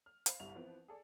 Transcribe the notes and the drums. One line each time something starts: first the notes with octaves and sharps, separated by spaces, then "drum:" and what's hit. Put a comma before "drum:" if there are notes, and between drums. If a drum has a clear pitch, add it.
F6
C5 F5 B5, drum: hi-hat
G1 C2 G3 E5 F7
E3 F3 B3 C4
G#4 A4 D5